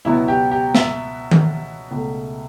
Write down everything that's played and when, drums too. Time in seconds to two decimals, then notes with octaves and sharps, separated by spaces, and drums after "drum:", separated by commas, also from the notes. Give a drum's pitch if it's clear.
0.05 C#2 B2 F#3 B3 E4
0.28 G4
0.51 G4
0.75 E5, drum: snare
1.31 drum: tom D#3
1.91 C#2 B2 A3